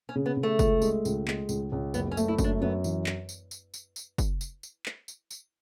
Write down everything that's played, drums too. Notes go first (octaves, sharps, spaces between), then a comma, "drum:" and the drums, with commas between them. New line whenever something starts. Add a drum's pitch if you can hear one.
C#4
C#3
B3
C#3
A3
C#2, drum: kick, tambourine
G#3, drum: tambourine
C#2, drum: tambourine
G#3, drum: clap
C#2, drum: tambourine
C#2
F#1 B3, drum: tambourine
C#4
A3, drum: tambourine
E4
F#2, drum: kick, tambourine
D4
F#2 B3
E3, drum: tambourine
drum: clap
drum: tambourine
drum: tambourine
drum: tambourine
drum: tambourine
drum: kick, tambourine
drum: tambourine
drum: tambourine
drum: clap
drum: tambourine
drum: tambourine